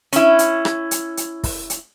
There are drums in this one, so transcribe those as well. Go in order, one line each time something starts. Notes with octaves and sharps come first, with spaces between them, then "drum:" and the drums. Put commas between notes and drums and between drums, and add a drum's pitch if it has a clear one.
C#4 E4, drum: hi-hat
drum: hi-hat
drum: rim click
drum: hi-hat
drum: hi-hat
drum: kick, open hi-hat
drum: hi-hat